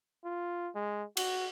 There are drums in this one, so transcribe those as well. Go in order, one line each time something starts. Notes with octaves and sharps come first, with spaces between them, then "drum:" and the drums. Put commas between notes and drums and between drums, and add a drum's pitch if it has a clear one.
F4
G#3
F#4, drum: cymbal